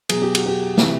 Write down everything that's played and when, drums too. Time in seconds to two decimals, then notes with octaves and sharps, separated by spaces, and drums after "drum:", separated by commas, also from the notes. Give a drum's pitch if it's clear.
0.09 B2 F#3 G#4, drum: cymbal
0.22 G4
0.35 F#4, drum: cymbal
0.46 G4
0.77 C3 E3, drum: snare